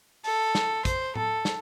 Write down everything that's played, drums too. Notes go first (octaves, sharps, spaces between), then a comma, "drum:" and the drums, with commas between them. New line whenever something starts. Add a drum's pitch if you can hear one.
A4, drum: open hi-hat
drum: snare
C5, drum: kick, hi-hat
A4, drum: tom A2
drum: snare